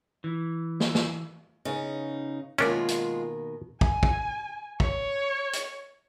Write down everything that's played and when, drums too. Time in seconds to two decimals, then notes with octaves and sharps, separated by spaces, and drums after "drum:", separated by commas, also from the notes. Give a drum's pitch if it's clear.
0.24 E3
0.80 drum: snare
0.95 drum: snare
1.65 C#3 B3 C#4 D#4
2.58 B2 D#3 G#3 A#3 C#4 D4 F4
2.88 drum: hi-hat
3.81 G#5, drum: kick
4.03 drum: kick
4.80 C#5, drum: kick
5.53 drum: hi-hat